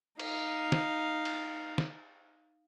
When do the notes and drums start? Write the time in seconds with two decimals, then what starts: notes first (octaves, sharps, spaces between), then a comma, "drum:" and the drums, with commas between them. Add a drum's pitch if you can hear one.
0.19 D#4 F5, drum: cymbal
0.72 drum: snare
1.25 drum: cymbal
1.78 drum: snare